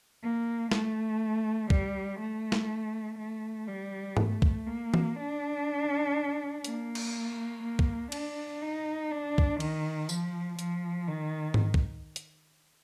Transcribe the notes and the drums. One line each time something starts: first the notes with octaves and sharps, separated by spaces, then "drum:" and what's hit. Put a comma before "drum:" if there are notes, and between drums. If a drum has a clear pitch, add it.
A#3
A3, drum: snare
G3, drum: kick C2
A3
drum: snare
A3
G3
A3, drum: tom G#2
drum: kick C2
A#3
drum: tom E3
D4
A#3, drum: hi-hat
drum: cymbal
A#3
drum: kick C2
D4, drum: cymbal
D#4
D4
drum: kick C2
D#3, drum: cymbal
F3, drum: tambourine
F3, drum: hi-hat
D#3
drum: tom G#2
drum: kick C2
drum: hi-hat